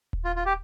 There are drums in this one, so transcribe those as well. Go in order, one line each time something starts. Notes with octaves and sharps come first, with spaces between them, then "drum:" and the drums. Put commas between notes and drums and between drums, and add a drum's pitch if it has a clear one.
drum: kick D#1
F4
F4
G4